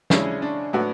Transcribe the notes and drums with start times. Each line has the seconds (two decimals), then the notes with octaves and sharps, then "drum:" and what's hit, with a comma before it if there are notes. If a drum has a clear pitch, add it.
0.10 C#3 G#3 C#4 D4 E4, drum: snare
0.42 D4
0.73 A2 F#3 B3 D4 F#4